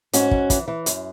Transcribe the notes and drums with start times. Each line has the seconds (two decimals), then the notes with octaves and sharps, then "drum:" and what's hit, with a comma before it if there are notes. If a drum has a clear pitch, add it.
0.13 G#2 C#4 F#4, drum: hi-hat
0.31 G#2, drum: kick
0.50 E3, drum: kick, hi-hat
0.68 E3
0.86 F#2, drum: hi-hat